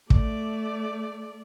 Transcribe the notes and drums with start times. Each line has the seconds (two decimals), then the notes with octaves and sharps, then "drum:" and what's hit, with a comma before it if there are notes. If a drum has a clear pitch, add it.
0.10 A3 D5, drum: kick